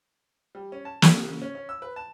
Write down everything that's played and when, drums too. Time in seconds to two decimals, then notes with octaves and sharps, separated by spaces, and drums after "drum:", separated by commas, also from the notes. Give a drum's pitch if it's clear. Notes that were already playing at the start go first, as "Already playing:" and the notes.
0.55 G3
0.72 C#4
0.85 A5
1.02 D3, drum: snare
1.15 C3
1.28 C#3
1.42 C#4
1.55 C#4
1.69 E6
1.82 B4
1.96 A5